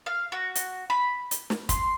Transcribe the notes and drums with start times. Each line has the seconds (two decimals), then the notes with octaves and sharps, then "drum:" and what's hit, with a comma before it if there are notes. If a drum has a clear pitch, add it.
0.06 F5
0.32 F#4
0.55 drum: hi-hat
0.90 B5
1.31 drum: hi-hat
1.50 drum: snare
1.69 C6, drum: kick, hi-hat